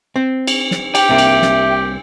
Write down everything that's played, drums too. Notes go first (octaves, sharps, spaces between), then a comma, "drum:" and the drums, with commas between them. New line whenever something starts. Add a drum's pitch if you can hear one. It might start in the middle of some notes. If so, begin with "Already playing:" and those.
C4
drum: cymbal
drum: snare
G4 G5, drum: cymbal
C2 C3 A#3 E5
drum: cymbal
drum: snare